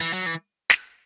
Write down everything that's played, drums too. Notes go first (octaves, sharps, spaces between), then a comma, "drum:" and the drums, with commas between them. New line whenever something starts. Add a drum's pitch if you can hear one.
E3
F#3
E3
drum: snare